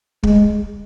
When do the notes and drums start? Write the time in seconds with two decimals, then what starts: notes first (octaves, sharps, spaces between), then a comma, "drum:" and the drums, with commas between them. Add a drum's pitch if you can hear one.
0.23 G#3, drum: kick